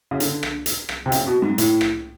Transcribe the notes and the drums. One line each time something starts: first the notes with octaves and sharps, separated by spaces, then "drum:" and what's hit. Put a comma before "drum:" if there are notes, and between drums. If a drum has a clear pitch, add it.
C#3
D3, drum: hi-hat
drum: rim click
drum: hi-hat
drum: rim click
C3
C#3, drum: hi-hat
B2
G#2
A2, drum: hi-hat
drum: rim click